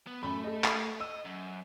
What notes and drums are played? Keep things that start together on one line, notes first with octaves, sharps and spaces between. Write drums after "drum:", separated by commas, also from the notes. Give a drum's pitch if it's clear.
B3
F#2 A3 B5
A4 D#5
drum: clap
D#5 E6
F#2